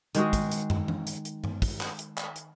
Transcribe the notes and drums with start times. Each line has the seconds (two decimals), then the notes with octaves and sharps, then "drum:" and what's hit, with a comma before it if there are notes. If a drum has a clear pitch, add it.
0.15 D#3 G#3 F#4 G#4, drum: hi-hat
0.33 drum: kick, hi-hat
0.51 drum: hi-hat
0.70 drum: tom
0.88 drum: tom E3
1.07 drum: hi-hat
1.25 drum: hi-hat
1.44 drum: tom G2
1.62 drum: kick, open hi-hat
1.80 drum: clap
1.99 drum: hi-hat
2.17 drum: clap
2.36 drum: hi-hat